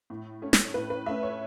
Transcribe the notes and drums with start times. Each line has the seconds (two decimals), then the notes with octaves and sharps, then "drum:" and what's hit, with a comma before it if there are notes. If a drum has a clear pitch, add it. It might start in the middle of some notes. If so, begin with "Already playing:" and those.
0.10 A2
0.42 A3 C#4
0.53 drum: snare
0.74 A2 B4
0.90 B4
1.06 A3 C#4 E5
1.23 C#5